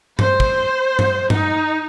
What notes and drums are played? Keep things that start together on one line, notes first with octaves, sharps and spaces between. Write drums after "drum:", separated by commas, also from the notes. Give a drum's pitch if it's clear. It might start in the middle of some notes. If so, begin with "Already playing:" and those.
C5, drum: tom G2
drum: kick
drum: tom G2
D#4, drum: tom G2